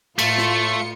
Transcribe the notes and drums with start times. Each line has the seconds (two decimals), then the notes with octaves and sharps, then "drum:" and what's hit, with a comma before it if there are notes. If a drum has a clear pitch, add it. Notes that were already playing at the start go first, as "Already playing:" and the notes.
0.19 A2 A3 F4 C#7, drum: cymbal
0.38 drum: snare